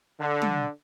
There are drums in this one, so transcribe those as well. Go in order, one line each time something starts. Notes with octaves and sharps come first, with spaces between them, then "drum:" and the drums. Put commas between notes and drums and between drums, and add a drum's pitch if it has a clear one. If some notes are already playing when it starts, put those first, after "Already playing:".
D3
drum: tom